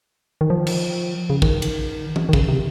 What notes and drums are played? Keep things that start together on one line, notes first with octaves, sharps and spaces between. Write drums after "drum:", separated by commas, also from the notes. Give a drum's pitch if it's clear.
D#3
F3
drum: cymbal
C#3
D#3, drum: kick
drum: cymbal
drum: tom E3
D#3
C#3, drum: kick
C3